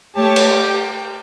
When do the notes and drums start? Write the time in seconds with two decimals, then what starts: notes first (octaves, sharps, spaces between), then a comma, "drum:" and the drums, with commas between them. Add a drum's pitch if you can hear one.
0.16 A3 G4 C#5 A5
0.36 drum: cymbal
0.55 G5